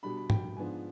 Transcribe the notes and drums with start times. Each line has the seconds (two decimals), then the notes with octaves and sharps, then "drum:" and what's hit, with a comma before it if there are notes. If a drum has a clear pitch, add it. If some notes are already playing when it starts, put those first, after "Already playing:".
0.03 B2 G3 D4 B5
0.17 B5
0.30 G5, drum: tom
0.57 G#2 F3 B3 D4 F4 G#5